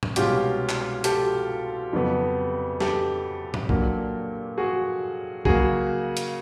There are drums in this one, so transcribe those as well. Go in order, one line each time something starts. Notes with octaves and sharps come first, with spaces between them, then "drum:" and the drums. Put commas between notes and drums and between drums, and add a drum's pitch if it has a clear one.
drum: tom A2
C2 B2 G#3 C#4 F4 G4, drum: hi-hat
drum: clap
G4 A4, drum: hi-hat
F2 C#3 F#3 B3
G4 A4, drum: snare
drum: tom A2
A#2 F#3 A#3 D4, drum: kick B1
F#4 G#4
C#3 F#3 A#3 F#4 G#4, drum: kick B1
drum: hi-hat